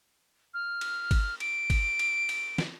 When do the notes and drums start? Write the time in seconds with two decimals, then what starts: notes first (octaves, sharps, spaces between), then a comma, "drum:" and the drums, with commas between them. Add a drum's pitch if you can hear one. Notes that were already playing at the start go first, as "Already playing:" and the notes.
0.54 F6
0.81 drum: cymbal
1.11 drum: kick, cymbal
1.40 D7, drum: cymbal
1.70 drum: kick, cymbal
1.99 drum: cymbal
2.29 drum: cymbal
2.58 drum: snare